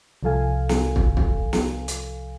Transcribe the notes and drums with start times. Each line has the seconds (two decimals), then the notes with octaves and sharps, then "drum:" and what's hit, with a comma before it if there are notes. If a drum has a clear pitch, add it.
0.23 C2 F3 A4 F5 G#5
0.69 drum: snare
0.96 drum: kick
1.17 drum: kick
1.53 drum: snare
1.88 drum: hi-hat